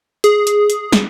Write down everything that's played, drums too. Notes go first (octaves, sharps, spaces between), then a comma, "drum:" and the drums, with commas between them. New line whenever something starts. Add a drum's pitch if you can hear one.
G#4, drum: hi-hat
drum: hi-hat
drum: hi-hat
drum: snare